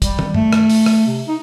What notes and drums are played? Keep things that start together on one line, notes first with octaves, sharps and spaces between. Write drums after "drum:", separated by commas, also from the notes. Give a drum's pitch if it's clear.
G3, drum: kick, hi-hat
drum: tom
A3, drum: tom G2
drum: rim click
drum: open hi-hat
drum: rim click
C3
D#4